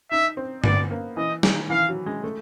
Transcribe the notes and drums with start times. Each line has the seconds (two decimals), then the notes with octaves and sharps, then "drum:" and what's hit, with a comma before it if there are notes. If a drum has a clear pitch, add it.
0.11 D#4 E5
0.37 C4
0.64 B3 D5, drum: tom G2
0.91 A#3
1.17 E3 D#5
1.43 D#3, drum: snare
1.70 E3 F5
1.89 F#3
2.06 G#3
2.24 A3